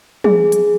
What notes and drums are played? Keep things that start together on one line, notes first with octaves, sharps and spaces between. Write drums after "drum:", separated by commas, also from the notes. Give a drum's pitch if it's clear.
G#4, drum: tom
drum: hi-hat